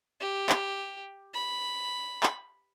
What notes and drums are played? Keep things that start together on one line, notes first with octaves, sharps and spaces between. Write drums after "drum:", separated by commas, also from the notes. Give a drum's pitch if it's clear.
G4
drum: clap
B5
drum: clap